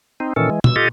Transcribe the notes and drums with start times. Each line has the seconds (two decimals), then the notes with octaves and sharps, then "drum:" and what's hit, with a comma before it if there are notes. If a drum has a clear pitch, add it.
0.20 C4 D#4
0.36 A#2 D#3 E3 C#4 A4
0.50 E3 G#3
0.64 B2 E6, drum: tom
0.76 F4 G4 A4 D#5